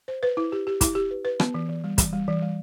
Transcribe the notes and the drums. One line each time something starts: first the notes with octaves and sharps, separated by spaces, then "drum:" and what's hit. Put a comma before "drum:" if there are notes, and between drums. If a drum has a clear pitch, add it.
C5
B4
E4
G4
G4
E4, drum: kick, hi-hat
G4
B4
B4
B3, drum: rim click
E3
E3
G3
E3, drum: kick, hi-hat
G3
E3
G3